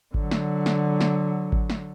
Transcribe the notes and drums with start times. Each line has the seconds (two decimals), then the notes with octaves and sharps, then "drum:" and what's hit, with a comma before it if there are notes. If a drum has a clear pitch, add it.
0.14 D3 F#3, drum: kick G#1
0.31 drum: snare
0.66 drum: snare
1.01 drum: snare
1.52 drum: kick G#1
1.70 drum: snare